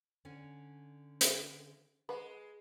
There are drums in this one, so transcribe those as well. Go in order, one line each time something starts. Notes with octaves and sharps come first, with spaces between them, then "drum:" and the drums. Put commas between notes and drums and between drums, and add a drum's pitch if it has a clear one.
D3 C#4 G#5
drum: hi-hat
G#3 B4 F#5